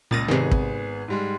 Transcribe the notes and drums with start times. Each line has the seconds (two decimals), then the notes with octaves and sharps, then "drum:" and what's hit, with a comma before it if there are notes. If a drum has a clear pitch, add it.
0.11 C#2 A#2 C#3 A6 A#6 D#7
0.28 G#1 C3 D#3 B3 G#4
0.51 drum: kick
1.08 G#2 G3 G#3